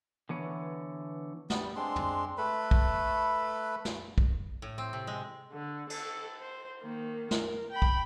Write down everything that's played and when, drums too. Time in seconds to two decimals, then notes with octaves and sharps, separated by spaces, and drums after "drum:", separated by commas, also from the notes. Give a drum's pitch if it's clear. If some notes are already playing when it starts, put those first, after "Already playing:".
0.29 D3 E3 B3 C#5
1.50 G3 B3, drum: snare
1.76 G#3 C4 D4 C6
1.96 drum: tom
2.38 A3 A4 B4 B5
2.71 drum: kick
3.85 drum: snare
4.18 drum: kick
4.62 A2
4.78 C4
4.93 C3
5.07 G#3
5.52 D3
5.90 A4, drum: cymbal
6.41 C5
6.81 D#3 A#3
7.31 A#4, drum: snare
7.71 G5 B5
7.82 drum: kick